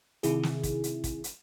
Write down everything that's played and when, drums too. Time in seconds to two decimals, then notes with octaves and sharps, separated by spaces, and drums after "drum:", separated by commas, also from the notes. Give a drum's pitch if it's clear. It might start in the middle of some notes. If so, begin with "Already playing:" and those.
0.23 C3 D#3 E4 G#4, drum: hi-hat
0.43 drum: snare
0.63 drum: kick, hi-hat
0.84 drum: hi-hat
1.04 drum: kick, hi-hat
1.24 drum: hi-hat